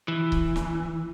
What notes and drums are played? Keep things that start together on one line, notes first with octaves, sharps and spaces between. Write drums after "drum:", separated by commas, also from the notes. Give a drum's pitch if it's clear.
E3
drum: kick C#1
drum: snare